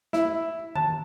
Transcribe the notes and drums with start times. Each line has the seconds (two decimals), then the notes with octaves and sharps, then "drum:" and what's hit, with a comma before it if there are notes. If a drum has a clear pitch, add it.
0.13 E4, drum: snare
0.75 A5, drum: tom D#3